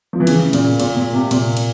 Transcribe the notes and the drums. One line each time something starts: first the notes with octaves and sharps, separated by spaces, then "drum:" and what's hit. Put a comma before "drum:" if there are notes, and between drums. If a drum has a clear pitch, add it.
F3
E3
C#3, drum: cymbal
A#2, drum: cymbal
A#2, drum: cymbal
A#2
C3
A#2, drum: cymbal
drum: cymbal